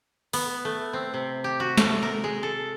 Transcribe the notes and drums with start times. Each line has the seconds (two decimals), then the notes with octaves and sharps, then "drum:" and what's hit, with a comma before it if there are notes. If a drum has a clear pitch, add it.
0.33 B3, drum: open hi-hat
0.65 A3
0.93 C4
1.14 C3
1.44 G4
1.60 F#4
1.78 A3, drum: snare
2.03 A#4
2.24 G#3
2.43 A4